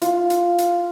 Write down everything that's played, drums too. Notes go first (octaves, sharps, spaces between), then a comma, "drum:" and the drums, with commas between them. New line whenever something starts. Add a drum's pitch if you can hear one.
F4, drum: hi-hat
drum: hi-hat
drum: hi-hat